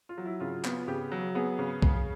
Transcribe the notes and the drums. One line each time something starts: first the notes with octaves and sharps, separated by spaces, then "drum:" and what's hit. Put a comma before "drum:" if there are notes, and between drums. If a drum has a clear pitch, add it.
F4
F#3
E4
C#3 F4
B3 F4, drum: clap
C#3 G4
F#3
B3 G#4
C#3
drum: kick C2